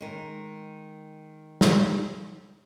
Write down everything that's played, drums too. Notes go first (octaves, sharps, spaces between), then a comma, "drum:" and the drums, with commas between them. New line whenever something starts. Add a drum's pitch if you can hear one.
D#3 G#3
drum: snare